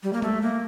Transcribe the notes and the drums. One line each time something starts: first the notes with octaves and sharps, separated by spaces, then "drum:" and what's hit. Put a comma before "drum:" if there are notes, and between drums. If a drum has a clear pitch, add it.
G3
A#3
A3, drum: tom G#3
A#3